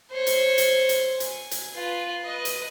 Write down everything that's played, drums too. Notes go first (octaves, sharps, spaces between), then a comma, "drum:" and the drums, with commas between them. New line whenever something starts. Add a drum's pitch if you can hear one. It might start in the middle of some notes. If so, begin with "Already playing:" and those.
C5 C#5
drum: hi-hat
drum: hi-hat
drum: hi-hat
G#5, drum: hi-hat
drum: hi-hat
F4 B4
B4 D#5
drum: hi-hat